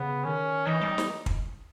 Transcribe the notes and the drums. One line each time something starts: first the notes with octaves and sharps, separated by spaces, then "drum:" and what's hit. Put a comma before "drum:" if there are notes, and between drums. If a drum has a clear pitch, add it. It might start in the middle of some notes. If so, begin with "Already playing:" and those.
Already playing: C#3 B3
D#3 C#4
E3 D#4
G3
drum: snare
drum: kick